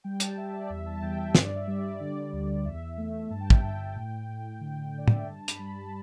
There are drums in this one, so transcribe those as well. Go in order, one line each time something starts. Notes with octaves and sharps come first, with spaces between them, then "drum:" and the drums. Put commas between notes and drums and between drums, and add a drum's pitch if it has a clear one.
G3 G5
A5, drum: hi-hat
G3 E5
D5
E2 E5
A5
E2 G5
E5
G2 D5, drum: snare
E5
G3
D5
D3 D5
D2
E2 E5
A3
G2 A5
G5
E5, drum: kick
G1 G5
A2
A2
D3
D3 D5
E5, drum: tom
G5
G2 A5
B5, drum: hi-hat
G3
A5